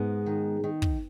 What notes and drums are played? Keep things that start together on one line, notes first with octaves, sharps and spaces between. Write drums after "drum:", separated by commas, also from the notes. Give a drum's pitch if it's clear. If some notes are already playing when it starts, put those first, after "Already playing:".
Already playing: G#2 G#3 B3
D#3
D#3
drum: kick